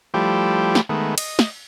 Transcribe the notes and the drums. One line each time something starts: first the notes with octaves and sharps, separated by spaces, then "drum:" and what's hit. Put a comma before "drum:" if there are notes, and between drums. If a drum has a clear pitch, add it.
F3 G3 A3 E4 G4
drum: snare
D#3 G#3 A3 B3
D#5, drum: cymbal
drum: snare